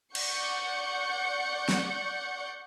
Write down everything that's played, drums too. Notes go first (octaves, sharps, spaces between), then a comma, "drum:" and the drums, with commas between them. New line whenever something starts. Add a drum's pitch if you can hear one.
D5 F#5 C#6 G6 C#7, drum: cymbal
drum: snare